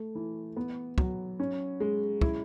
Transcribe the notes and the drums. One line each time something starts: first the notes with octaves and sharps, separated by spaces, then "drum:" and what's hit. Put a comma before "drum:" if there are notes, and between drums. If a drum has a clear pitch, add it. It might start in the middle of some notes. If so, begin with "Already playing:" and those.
Already playing: A3
E3
B3
F#3, drum: kick
C#4
G#3
E4, drum: kick